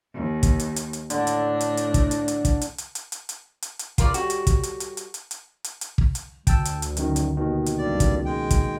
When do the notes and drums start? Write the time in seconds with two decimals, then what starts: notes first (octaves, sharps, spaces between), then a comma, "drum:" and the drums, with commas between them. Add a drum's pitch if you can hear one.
0.13 D#2
0.43 drum: kick, hi-hat
0.60 drum: hi-hat
0.76 drum: hi-hat
0.93 drum: hi-hat
1.10 A2 D3 D4, drum: hi-hat
1.27 drum: hi-hat
1.60 drum: hi-hat
1.77 drum: hi-hat
1.94 drum: kick, hi-hat
2.11 drum: hi-hat
2.28 drum: hi-hat
2.45 drum: kick, hi-hat
2.61 drum: hi-hat
2.78 drum: hi-hat
2.95 drum: hi-hat
3.12 drum: hi-hat
3.29 drum: hi-hat
3.62 drum: hi-hat
3.79 drum: hi-hat
3.98 E2 A#3 C#4 F4 A#4 D5, drum: kick, hi-hat
4.14 A2 G3 F#4 G4, drum: hi-hat
4.30 drum: hi-hat
4.47 drum: kick, hi-hat
4.63 drum: hi-hat
4.80 drum: hi-hat
4.97 drum: hi-hat
5.14 drum: hi-hat
5.31 drum: hi-hat
5.64 drum: hi-hat
5.81 drum: hi-hat
5.98 drum: kick
6.15 drum: hi-hat
6.47 D2 G5 A5 E6, drum: kick, hi-hat
6.65 drum: hi-hat
6.82 drum: hi-hat
6.97 F#2 D#3, drum: hi-hat
7.16 drum: hi-hat
7.37 D#2 B2 D#3
7.66 drum: hi-hat
7.78 C#2 G2 D5
8.00 drum: kick, hi-hat
8.25 G#3 G5
8.51 drum: kick, hi-hat